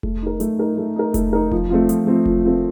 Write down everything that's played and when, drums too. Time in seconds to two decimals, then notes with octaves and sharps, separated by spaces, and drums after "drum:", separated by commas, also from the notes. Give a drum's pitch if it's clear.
0.03 A3, drum: kick F1
0.22 D#4 A#4
0.40 A3, drum: hi-hat
0.59 D#4 A#4
0.78 A3
0.96 D#4 A#4
1.14 A3, drum: kick F1, hi-hat
1.33 D#4 A#4
1.52 F3, drum: kick F1
1.70 A3 C4 F4
1.89 F3, drum: hi-hat
2.07 A3 C4 F4
2.26 F3, drum: kick F1
2.44 A3 C4 F4